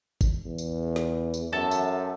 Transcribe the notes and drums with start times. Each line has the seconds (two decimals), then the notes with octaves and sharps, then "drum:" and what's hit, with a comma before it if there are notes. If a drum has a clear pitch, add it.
0.21 drum: kick G#1, tambourine
0.46 E2
0.58 drum: tambourine
0.96 drum: snare
1.34 drum: tambourine
1.53 F#2 A4 E5 A5
1.71 drum: tambourine